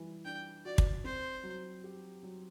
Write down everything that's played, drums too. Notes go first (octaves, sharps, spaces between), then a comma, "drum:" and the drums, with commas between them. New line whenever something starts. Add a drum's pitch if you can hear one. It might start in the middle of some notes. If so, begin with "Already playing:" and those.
Already playing: E3 G3
D4 G5
F#4 D5
drum: kick
C4 C5
F#3
G4
F#3